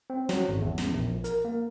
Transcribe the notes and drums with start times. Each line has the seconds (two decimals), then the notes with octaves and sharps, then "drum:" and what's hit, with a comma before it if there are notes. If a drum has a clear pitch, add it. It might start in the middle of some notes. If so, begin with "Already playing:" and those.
0.10 C4
0.29 F#3, drum: snare
0.48 G#1
0.62 E2
0.78 drum: snare
0.94 A#1
1.24 A#4, drum: hi-hat
1.45 A#3